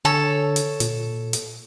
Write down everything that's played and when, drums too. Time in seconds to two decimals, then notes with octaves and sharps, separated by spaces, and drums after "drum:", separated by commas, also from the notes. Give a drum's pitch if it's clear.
0.05 D3 A4 C#5
0.56 drum: hi-hat
0.80 A#2, drum: hi-hat
1.33 drum: hi-hat